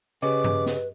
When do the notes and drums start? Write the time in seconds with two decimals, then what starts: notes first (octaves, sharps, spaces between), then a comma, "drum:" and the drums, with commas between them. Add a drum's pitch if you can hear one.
0.22 C#3 G4 G#4 B4 D#5 D6
0.44 drum: tom G2
0.66 drum: snare